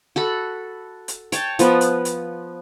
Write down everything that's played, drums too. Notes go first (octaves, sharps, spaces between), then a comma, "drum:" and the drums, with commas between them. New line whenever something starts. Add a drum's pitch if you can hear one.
F#4 A4 B5
drum: hi-hat
C#5 G5 A5, drum: hi-hat
F3 B3 B4, drum: hi-hat
drum: hi-hat
drum: hi-hat